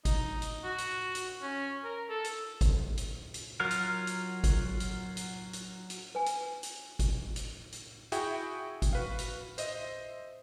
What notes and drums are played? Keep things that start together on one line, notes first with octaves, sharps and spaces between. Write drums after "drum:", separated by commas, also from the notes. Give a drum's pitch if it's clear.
D#4, drum: kick G1, hi-hat
drum: hi-hat
F#4
drum: hi-hat
drum: hi-hat
C#4
A#4
A4
drum: hi-hat
drum: kick G1, hi-hat
drum: hi-hat
drum: hi-hat
F#3 F4 A#4
drum: hi-hat
drum: hi-hat
drum: kick G1, hi-hat
drum: hi-hat
drum: hi-hat
drum: hi-hat
drum: hi-hat
B4 G#5
drum: hi-hat
drum: hi-hat
drum: kick G1, hi-hat
drum: hi-hat
drum: hi-hat
E4 F#4 G#4 E5 G5, drum: hi-hat
drum: kick G1, hi-hat
F#4 B4 F5
drum: hi-hat
C5 D#5 E5, drum: hi-hat